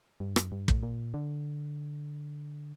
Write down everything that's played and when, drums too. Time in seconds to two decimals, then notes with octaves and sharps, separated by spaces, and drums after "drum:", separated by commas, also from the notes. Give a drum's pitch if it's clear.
0.20 G2
0.36 F#2, drum: rim click
0.52 G2
0.68 A2, drum: kick
0.83 A#2
1.14 D3